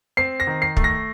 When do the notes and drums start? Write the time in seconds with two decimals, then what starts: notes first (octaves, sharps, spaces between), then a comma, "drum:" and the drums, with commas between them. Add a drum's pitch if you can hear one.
0.17 C4 C7
0.40 A#6
0.47 D#3
0.62 C7
0.77 A3, drum: kick
0.84 A#6